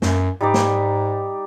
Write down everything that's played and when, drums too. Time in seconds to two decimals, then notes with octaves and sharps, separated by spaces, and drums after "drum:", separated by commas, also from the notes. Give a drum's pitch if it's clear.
0.02 F#2, drum: snare
0.41 G#2 G3 D#4 D5
0.54 drum: snare